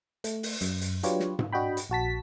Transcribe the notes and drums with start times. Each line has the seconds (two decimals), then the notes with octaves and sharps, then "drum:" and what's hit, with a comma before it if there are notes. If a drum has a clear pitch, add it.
0.24 A3, drum: hi-hat
0.43 drum: open hi-hat
0.61 F#2, drum: hi-hat
0.81 drum: hi-hat
1.03 F#3 D4 F4 G4 B4 C#5, drum: hi-hat
1.20 drum: snare
1.39 drum: tom G#2
1.52 D4 F#4 D#5 G5 B5
1.77 drum: hi-hat
1.90 A#1 F#4 A5 B6